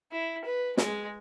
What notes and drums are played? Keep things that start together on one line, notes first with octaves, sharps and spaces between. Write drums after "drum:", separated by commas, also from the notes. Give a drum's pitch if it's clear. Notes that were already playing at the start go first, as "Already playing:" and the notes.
E4
B4
G#3, drum: snare